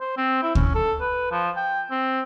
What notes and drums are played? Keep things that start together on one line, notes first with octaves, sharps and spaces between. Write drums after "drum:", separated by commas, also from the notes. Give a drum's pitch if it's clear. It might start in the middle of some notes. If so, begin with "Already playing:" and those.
C5
C4
E4
C#4, drum: kick
A4
B4
F3
G5
C4